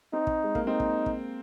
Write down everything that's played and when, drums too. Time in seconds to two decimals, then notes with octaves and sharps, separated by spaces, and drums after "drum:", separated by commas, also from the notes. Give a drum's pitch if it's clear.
0.13 C4 D#4
0.27 drum: kick
0.44 G#3
0.55 A#3, drum: kick
0.67 C4 D#4
0.80 drum: kick
1.06 drum: kick